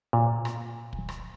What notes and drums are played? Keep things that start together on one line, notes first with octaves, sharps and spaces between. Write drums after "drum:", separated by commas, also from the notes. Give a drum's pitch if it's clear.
A#2
drum: rim click
drum: kick
drum: rim click